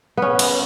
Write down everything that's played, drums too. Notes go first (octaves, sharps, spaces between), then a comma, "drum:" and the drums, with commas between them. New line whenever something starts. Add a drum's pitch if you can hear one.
B3 C#4
drum: cymbal